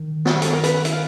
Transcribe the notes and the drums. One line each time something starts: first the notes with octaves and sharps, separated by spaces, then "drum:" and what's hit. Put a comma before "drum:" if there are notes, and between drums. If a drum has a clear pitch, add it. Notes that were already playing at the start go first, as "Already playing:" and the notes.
Already playing: D#3
drum: snare
A4, drum: hi-hat
A#4
B4, drum: hi-hat
E4, drum: hi-hat
F4